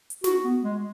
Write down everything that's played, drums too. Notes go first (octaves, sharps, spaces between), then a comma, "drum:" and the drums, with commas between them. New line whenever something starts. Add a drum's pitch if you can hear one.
drum: hi-hat
F#4, drum: snare
B3
G#3